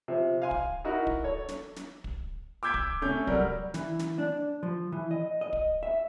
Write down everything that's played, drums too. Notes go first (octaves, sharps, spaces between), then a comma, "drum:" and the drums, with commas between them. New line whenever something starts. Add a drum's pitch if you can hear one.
C3 F3
F5 G#5 C6
drum: kick
D#4 E4 F#4 A#4
drum: kick
A4 C#5
drum: snare
drum: snare
drum: kick
D6 E6 G6 G#6 B6 D7
drum: kick
C3 A3 C#4 G6
F#3 G3 A#4, drum: kick
E3, drum: snare
drum: snare
D4
F3
E3
D#5
D#5
drum: kick
E5